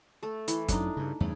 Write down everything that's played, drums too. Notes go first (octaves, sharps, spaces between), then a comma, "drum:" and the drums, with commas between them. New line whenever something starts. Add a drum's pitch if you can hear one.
A3 A4
E3, drum: hi-hat
F#2 F#3 D4 D#4, drum: kick, hi-hat
G2 C#3
E2 G2 C#3 A3